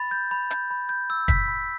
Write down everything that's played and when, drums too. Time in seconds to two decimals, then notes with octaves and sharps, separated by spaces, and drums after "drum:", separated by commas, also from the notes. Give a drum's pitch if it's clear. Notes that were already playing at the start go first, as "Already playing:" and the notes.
Already playing: B5 A6
0.11 G6
0.31 B5
0.51 G6, drum: hi-hat
0.71 B5
0.89 G6
1.10 E6
1.28 G6 B6, drum: kick, hi-hat
1.48 B5